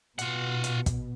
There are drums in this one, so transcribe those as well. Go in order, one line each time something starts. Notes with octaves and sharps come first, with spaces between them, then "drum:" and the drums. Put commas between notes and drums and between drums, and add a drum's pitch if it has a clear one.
B2 F4 F#5, drum: hi-hat
drum: hi-hat
drum: kick, hi-hat